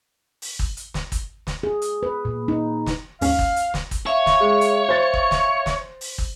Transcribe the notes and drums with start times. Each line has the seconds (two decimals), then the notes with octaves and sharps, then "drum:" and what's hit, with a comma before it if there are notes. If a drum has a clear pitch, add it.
0.42 drum: open hi-hat
0.59 drum: kick
0.77 drum: hi-hat
0.94 drum: snare
1.12 drum: kick, hi-hat
1.47 drum: snare
1.63 G#4
1.82 drum: hi-hat
2.03 B4
2.25 A#2
2.48 D#4
2.86 drum: snare
3.21 D#2 G#2 C#4 F5, drum: open hi-hat
3.39 drum: kick
3.56 drum: hi-hat
3.74 drum: snare
3.91 drum: kick, hi-hat
4.07 C#5 E5 F5 C#6
4.26 drum: snare
4.40 G#3
4.61 drum: hi-hat
4.89 C5 A6
5.14 drum: kick
5.31 drum: snare
5.66 drum: snare
6.01 drum: open hi-hat
6.18 drum: kick